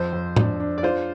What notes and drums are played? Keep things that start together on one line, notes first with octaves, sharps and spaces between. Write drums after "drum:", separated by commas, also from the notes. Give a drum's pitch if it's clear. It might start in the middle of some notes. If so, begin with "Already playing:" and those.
Already playing: F2 C5
F2
D4, drum: tom A2
D4
D5
F4 C5